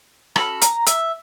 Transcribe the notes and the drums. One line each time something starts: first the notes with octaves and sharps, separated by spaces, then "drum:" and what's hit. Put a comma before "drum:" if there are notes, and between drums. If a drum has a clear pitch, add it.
C#4 F#4 A4 B5, drum: rim click
A#5, drum: hi-hat
E5, drum: hi-hat